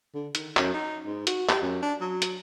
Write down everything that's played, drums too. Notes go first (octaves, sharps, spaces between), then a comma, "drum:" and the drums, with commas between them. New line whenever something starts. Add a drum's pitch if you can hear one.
D3
D#3, drum: hi-hat
F#2, drum: clap
D#4
G#2
F#4, drum: hi-hat
G4, drum: clap
F#2
D4
F#3
drum: hi-hat